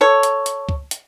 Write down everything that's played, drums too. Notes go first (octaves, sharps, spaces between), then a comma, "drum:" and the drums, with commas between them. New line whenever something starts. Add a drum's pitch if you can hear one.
A4 C#5
drum: hi-hat
drum: hi-hat
drum: kick C#2
drum: hi-hat